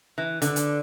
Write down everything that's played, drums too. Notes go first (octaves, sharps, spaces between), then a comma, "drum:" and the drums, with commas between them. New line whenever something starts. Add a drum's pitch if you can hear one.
E3
D3, drum: hi-hat
drum: hi-hat